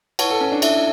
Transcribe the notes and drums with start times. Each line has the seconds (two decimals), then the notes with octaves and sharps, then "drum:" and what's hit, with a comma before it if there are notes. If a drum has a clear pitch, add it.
0.19 E4 B4 C#5 F#5 A5, drum: cymbal
0.30 A4
0.41 C#4
0.52 D4
0.62 E4 A4 E5 A5, drum: cymbal